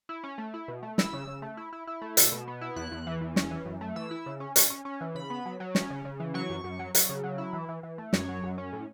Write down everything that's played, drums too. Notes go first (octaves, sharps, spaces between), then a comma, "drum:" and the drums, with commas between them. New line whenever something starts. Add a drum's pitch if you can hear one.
E4
C#4
A3
E4
B2
A3
E4 E6, drum: snare
C#3
C#3
A3
E4
E4
E4
A3
B2 E6, drum: hi-hat
B2
B3
E4
E2 F#6
E2
E3
E2
C#4, drum: snare
E3
F#2
A3
E3 E6
E4
C#3
C#4
C#4, drum: hi-hat
C#4
C#4
E3
C#3 B5
B3
F#3
F#3
C#4, drum: snare
C#3
C#3
E3
F#3 C#6
F#2
F#2
F#3
F#3, drum: hi-hat
C#3
F#3
E4
E3
E3
E3
A3
F#2 C#5, drum: snare
F#3
F#2
C#4
A2